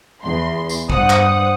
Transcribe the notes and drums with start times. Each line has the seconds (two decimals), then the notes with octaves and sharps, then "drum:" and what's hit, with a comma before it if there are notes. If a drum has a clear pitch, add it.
0.23 E2 C6
0.69 drum: tambourine
0.90 G2 C5 F#5 D#6, drum: kick
1.10 drum: clap